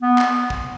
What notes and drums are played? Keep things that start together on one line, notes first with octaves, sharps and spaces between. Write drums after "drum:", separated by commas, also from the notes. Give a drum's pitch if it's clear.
B3
drum: clap
drum: kick